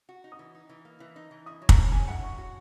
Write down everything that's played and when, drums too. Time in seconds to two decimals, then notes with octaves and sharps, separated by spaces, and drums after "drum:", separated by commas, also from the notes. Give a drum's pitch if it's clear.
0.09 F#4
0.24 D#4
0.32 D#6
0.39 E3
0.55 D#4
0.69 E3
0.85 A#3
1.00 E3
1.16 D#4
1.31 E3
1.46 E4 D#6
1.62 F#3
1.69 A#5, drum: kick
1.77 C#4
1.92 G#4 G#5
2.07 E4 F#5
2.23 F#3 C#6
2.38 F#4